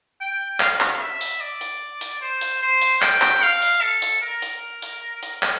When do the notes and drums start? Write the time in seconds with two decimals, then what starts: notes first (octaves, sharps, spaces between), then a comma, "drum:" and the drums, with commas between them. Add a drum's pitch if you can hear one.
0.21 G5
0.60 F5, drum: clap
0.81 drum: clap
1.01 E5
1.21 drum: open hi-hat
1.40 D5
1.61 drum: hi-hat
2.01 drum: hi-hat
2.21 C5
2.41 drum: hi-hat
2.62 C5
2.82 drum: hi-hat
3.02 G5, drum: clap
3.22 drum: clap
3.42 F5
3.62 drum: open hi-hat
3.82 A4
4.02 drum: hi-hat
4.22 A#4
4.42 drum: hi-hat
4.82 drum: hi-hat
5.23 drum: hi-hat
5.43 drum: clap